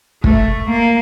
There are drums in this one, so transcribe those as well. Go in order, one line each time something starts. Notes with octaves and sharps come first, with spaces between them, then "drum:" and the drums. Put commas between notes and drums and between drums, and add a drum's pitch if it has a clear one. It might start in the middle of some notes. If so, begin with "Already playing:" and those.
A3, drum: kick
A#3